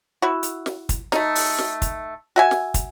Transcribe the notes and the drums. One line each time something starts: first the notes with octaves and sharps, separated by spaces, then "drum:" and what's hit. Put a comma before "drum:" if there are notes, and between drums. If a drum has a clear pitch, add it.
E4 F#4
drum: hi-hat
drum: snare
drum: kick, hi-hat
A3 D#4, drum: snare
drum: open hi-hat
drum: snare
drum: kick, hi-hat
F#4 E5 G#5
drum: snare
drum: kick, hi-hat